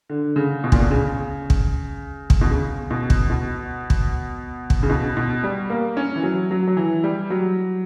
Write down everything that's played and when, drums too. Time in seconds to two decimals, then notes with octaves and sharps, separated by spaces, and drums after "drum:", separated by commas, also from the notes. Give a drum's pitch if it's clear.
0.09 D3
0.36 C#3
0.64 B2
0.72 A#2, drum: kick
0.80 B2
0.90 C#3
1.50 drum: kick
2.30 drum: kick
2.41 B2
2.50 C#3
2.91 B2
3.10 drum: kick
3.30 B2
3.90 drum: kick
4.70 drum: kick
4.83 C#3
4.90 B2
5.17 B2
5.44 G3
5.70 A#3
5.97 C#4
6.16 E3
6.23 F#3
6.51 F#3
6.67 F#3
6.77 E3
7.04 G3
7.30 F#3